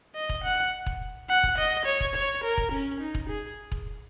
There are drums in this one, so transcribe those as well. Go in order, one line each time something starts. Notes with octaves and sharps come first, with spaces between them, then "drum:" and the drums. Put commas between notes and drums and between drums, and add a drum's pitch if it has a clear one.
D#5
drum: kick E1
F#5
drum: kick E1
F#5
drum: kick E1
D#5
C#5
drum: kick E1
C#5
A#4
drum: kick E1
C#4
D#4
drum: kick E1
G#4
drum: kick E1